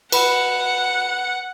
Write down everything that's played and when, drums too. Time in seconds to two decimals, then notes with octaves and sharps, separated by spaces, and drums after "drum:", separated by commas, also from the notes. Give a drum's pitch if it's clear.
0.12 B4 F#5 B5, drum: cymbal